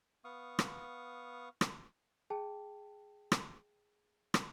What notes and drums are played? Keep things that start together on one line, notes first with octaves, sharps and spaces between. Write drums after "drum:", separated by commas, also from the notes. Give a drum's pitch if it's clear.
B3 F5 C#6 D#6
drum: rim click
drum: rim click
G#4 G5 A5
drum: rim click
drum: rim click